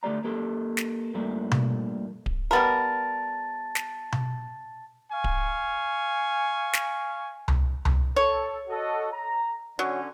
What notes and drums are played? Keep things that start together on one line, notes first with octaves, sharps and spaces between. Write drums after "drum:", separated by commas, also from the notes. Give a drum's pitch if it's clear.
D2 A3 G4 D5 A#5
A#3 G4 A4
drum: snare
G2 F3 G3 A3 A#3
drum: tom B2
drum: kick D1
G3 B3 A#4 A5 A6
drum: snare
drum: tom B2
F5 G#5 C#6
drum: kick D1
drum: snare
drum: tom C2
drum: tom C2
A4 C#5
F#4 A4 D#5
A#5
D3 F#3 C#4